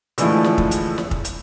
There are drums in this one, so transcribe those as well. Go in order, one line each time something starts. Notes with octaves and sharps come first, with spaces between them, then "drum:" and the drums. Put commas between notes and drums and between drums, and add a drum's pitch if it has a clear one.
D3 E3 F3 G#3 A3 E4, drum: hi-hat
drum: snare
drum: kick
drum: hi-hat
drum: snare
drum: kick
drum: hi-hat